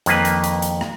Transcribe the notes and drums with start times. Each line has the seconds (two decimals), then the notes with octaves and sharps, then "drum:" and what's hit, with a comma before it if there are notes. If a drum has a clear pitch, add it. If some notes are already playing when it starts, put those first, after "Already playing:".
0.06 F2 D#3 A#3 B4, drum: hi-hat
0.25 drum: hi-hat
0.44 drum: hi-hat
0.62 drum: hi-hat
0.81 drum: rim click